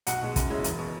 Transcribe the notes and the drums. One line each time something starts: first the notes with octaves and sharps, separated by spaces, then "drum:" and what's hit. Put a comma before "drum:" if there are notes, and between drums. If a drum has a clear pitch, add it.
B1 F#4 F#5, drum: hi-hat
B2 G#3
F#2, drum: kick, hi-hat
C#3 G#3 C#4 E4
E1, drum: hi-hat
B2